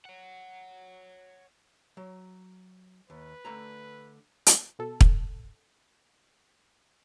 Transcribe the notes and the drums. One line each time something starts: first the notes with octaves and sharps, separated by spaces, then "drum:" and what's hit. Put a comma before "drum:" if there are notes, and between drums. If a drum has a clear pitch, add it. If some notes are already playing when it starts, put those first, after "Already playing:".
C#5 F#5
F#3
D#2 B4
D3 A3 A#5
drum: hi-hat
B2 A4
drum: kick